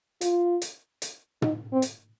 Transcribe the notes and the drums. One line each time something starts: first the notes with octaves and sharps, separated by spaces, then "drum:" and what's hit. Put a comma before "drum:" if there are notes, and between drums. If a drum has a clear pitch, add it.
F4, drum: hi-hat
drum: hi-hat
drum: hi-hat
D#4, drum: tom
C4
drum: hi-hat